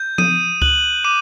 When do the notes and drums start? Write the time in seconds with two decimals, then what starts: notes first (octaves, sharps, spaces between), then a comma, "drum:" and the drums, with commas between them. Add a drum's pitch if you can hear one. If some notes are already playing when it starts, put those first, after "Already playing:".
Already playing: G6
0.18 D#6 D#7, drum: tom F3
0.62 F#6 F#7, drum: kick C#2
1.05 D6 D#7